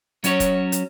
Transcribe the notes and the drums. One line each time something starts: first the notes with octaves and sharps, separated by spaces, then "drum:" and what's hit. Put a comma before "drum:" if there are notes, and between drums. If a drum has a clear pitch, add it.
F#3 C#4 F#4 C#5, drum: hi-hat
drum: kick F1, hi-hat
drum: hi-hat